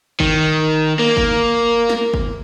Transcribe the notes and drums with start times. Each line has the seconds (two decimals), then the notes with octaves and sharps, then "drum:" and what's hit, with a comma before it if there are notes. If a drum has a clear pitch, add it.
0.20 D#3, drum: kick
0.99 A#3
1.17 drum: kick
1.89 drum: snare
2.14 drum: kick